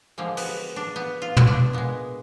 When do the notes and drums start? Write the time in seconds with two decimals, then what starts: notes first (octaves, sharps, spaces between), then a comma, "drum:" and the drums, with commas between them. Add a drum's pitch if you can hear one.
0.18 D3 F3 G#3 A#3
0.37 B3, drum: open hi-hat
0.76 D4
0.96 B3
1.22 F4
1.37 B3, drum: tom
1.47 D4
1.73 A#2 G#3 B3